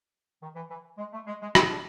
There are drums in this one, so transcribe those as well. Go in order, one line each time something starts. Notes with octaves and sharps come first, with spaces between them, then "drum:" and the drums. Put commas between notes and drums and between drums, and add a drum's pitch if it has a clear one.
D#3
E3
E3
G#3
A3
G#3
G#3
C4, drum: rim click
D4